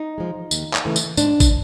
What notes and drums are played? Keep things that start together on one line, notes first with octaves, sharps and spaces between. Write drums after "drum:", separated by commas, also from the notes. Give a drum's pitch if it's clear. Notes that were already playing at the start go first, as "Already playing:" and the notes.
Already playing: D#4
F3 G#3
D#2, drum: tambourine
drum: clap
C#3 E3 A3
drum: tambourine
G#2 D4, drum: tambourine
drum: kick G#1, tambourine